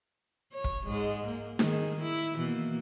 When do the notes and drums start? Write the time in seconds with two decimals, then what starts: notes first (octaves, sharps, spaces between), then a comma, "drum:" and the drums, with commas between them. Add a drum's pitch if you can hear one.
0.54 C#5
0.64 drum: kick
0.87 G#2 G#3
1.27 A#3
1.59 D#3 G#4, drum: snare D#4
2.02 E4
2.36 B2 E3 A#3